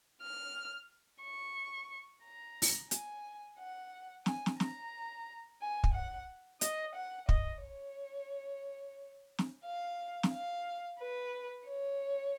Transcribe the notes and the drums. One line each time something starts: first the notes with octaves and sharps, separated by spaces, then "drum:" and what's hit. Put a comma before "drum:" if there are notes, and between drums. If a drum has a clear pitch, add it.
F6
C#6
A#5
drum: open hi-hat
G#5, drum: hi-hat
F#5
G#5, drum: snare
drum: snare
A#5, drum: snare
G#5
drum: kick
F#5
D#5, drum: hi-hat
F#5
D#5, drum: kick
C#5
drum: snare
F5
drum: snare
F5
B4
C#5